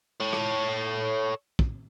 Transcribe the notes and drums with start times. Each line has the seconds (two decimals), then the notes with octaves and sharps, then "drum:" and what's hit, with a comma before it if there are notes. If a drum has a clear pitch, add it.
0.20 A4 C#5
0.33 drum: rim click
1.59 drum: kick